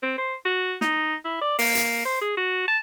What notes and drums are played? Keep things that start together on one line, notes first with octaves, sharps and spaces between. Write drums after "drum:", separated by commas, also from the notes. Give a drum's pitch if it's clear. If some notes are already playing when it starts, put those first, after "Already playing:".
C4
C5
F#4
D#4, drum: snare
E4
D5
A#3, drum: open hi-hat
drum: hi-hat
C5
G#4
F#4
A5